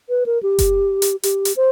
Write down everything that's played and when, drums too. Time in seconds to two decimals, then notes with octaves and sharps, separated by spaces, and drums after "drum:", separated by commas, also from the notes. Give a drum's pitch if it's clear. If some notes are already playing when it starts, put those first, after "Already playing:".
0.09 B4
0.26 A#4
0.43 G4
0.59 drum: kick F#1, hi-hat
1.02 drum: hi-hat
1.23 G4, drum: hi-hat
1.45 drum: hi-hat
1.56 C5